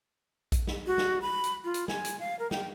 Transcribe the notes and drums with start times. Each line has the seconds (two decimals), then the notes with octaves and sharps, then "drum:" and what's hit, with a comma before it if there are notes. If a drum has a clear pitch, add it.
0.52 drum: kick A#1, hi-hat
0.67 drum: snare
0.87 F#4
0.98 drum: snare
1.22 B5
1.44 drum: hi-hat
1.65 F4
1.74 drum: hi-hat
1.88 G#5, drum: snare
2.05 drum: hi-hat
2.20 F5
2.39 A#4
2.51 G5, drum: snare